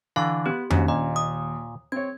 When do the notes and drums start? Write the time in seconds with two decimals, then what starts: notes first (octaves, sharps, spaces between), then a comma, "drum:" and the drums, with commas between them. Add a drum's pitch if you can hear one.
0.16 D3 E3 D4 F5 C#6 A6
0.46 B3 G4 F#6
0.71 D#2 G#2 C#4 D4 F#4, drum: tom F2
0.88 A#2 D#5
1.16 D#6
1.92 C4 C#5 G#6